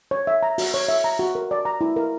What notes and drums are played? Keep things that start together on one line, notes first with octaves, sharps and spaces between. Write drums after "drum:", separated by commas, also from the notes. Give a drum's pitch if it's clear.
C#5
E5
A#5
F#4, drum: open hi-hat
C#5
E5
A#5
F#4
A#4
D5
A#5
E4
A#4